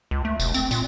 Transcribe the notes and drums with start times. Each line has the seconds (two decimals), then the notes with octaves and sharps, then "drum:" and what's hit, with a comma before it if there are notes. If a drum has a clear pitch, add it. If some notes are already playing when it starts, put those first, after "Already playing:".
0.11 C#2
0.25 A3
0.40 E1, drum: tambourine
0.54 C4, drum: tambourine
0.71 A#2, drum: tambourine